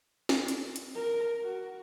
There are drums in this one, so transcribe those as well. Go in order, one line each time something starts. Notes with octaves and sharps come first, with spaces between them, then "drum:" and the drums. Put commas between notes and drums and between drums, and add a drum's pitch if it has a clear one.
drum: snare
drum: hi-hat
drum: hi-hat
A#4
F#4